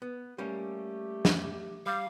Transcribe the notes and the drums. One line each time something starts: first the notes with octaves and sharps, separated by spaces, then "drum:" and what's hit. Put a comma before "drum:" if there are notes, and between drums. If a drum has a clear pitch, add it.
B3
G3 A3 A#3 C#4 G4
drum: snare
G3 F5